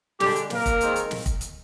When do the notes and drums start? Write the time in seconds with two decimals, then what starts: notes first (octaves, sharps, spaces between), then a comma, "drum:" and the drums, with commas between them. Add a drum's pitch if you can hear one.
0.20 D3 G3 G#3 D4 G4, drum: snare
0.36 drum: hi-hat
0.50 A#3 A#4, drum: snare
0.66 drum: kick, hi-hat
0.81 D#3 G#3 C4, drum: hi-hat
0.96 drum: hi-hat
1.11 drum: snare
1.26 drum: kick, hi-hat
1.41 drum: hi-hat